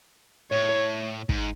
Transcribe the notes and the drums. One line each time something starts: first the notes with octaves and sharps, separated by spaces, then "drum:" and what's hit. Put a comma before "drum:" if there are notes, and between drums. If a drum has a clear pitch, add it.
A2 C#5
G#2, drum: kick